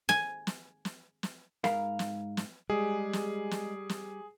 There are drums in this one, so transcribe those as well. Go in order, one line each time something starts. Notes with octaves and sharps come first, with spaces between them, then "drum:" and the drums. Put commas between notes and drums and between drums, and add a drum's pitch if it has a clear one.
G#5, drum: snare
drum: snare
drum: snare
drum: snare
G#2 A#4 F5 B5, drum: snare
drum: snare
drum: snare
G3 G#3 G#4
drum: snare
drum: snare
drum: snare